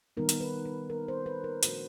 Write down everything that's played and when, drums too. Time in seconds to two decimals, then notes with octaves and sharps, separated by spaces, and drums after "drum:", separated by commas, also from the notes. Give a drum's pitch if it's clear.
0.17 D#3 G3 B3 D#4 A#4
0.29 drum: hi-hat
0.41 B4
0.66 B4
0.90 A#4
1.08 C5
1.26 B4
1.44 A#4
1.63 A#2 F3 A3 D4 F#4, drum: hi-hat